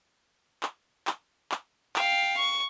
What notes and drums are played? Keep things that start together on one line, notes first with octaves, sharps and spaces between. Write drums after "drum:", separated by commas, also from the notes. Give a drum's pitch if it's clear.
drum: clap
drum: clap
drum: clap
F5 G5, drum: clap
C#6